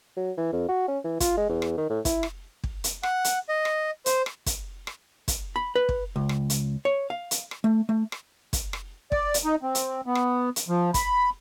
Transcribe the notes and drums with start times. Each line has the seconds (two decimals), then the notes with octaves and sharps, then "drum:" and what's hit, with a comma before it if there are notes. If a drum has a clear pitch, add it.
0.17 F#3
0.38 E3
0.52 F2
0.68 F#4
0.88 C#4
1.04 E3
1.20 F4, drum: kick, hi-hat
1.37 G#3
1.49 E2
1.62 drum: rim click
1.78 D#3
1.90 A2
2.05 E4, drum: kick, hi-hat
2.23 drum: rim click
2.64 drum: kick
2.84 drum: hi-hat
3.03 F#5, drum: rim click
3.24 drum: hi-hat
3.49 D#5
3.65 drum: rim click
4.06 C5, drum: hi-hat
4.26 drum: rim click
4.46 drum: kick, hi-hat
4.87 drum: rim click
5.28 drum: kick, hi-hat
5.56 B5
5.76 B4
5.89 drum: kick
6.16 C#2
6.29 drum: rim click
6.50 drum: hi-hat
6.85 C#5
7.10 F5
7.31 drum: hi-hat
7.51 drum: rim click
7.64 A3
7.89 A3
8.12 drum: rim click
8.53 drum: kick, hi-hat
8.73 drum: rim click
9.12 D5, drum: kick
9.34 drum: hi-hat
9.45 D#4
9.63 C4
9.75 drum: hi-hat
10.06 B3
10.15 drum: rim click
10.56 drum: hi-hat
10.68 F3
10.94 B5, drum: kick, hi-hat